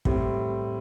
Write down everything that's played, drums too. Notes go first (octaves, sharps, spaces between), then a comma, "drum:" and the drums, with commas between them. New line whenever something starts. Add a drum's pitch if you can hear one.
A2 G3 C4, drum: kick